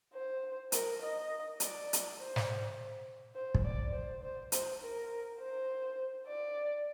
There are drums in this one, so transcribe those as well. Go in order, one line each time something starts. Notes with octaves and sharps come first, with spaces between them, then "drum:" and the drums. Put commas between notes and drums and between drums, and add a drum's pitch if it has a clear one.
C5
A#4, drum: hi-hat
D#5
D5, drum: hi-hat
drum: hi-hat
C5
drum: snare
C5
drum: kick
D5
C5
C5
C5, drum: hi-hat
A#4
C5
D5